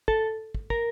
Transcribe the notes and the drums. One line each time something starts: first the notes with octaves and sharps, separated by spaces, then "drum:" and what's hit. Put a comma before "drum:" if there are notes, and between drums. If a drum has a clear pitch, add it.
A4, drum: kick
drum: kick
A#4, drum: kick